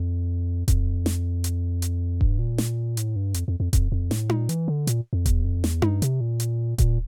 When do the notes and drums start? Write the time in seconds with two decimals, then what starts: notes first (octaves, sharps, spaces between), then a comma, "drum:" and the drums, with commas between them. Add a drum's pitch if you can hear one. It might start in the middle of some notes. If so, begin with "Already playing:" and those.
Already playing: F2
0.68 F2, drum: kick D#1, hi-hat
1.06 drum: snare
1.44 drum: hi-hat
1.82 drum: hi-hat
2.21 G2, drum: kick D#1
2.39 A#2
2.58 drum: snare
2.97 A2, drum: hi-hat
3.16 G2
3.34 F2, drum: hi-hat
3.48 F2
3.60 F2
3.73 F2, drum: kick D#1, hi-hat
3.92 F2
4.11 A2, drum: snare
4.29 A#2, drum: tom D#4
4.49 E3, drum: hi-hat
4.68 D3
4.87 A#2, drum: hi-hat
5.13 F2
5.26 E2, drum: kick D#1, hi-hat
5.44 F2
5.64 E2, drum: snare
5.82 G2, drum: tom D#4
6.02 C3, drum: hi-hat
6.21 A#2
6.40 drum: hi-hat
6.78 A#2, drum: kick D#1, hi-hat